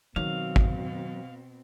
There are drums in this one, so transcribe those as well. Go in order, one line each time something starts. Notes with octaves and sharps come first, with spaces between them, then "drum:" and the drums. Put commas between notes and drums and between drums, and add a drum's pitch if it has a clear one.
B2 D#3 F#3 C4 F5
drum: kick G#1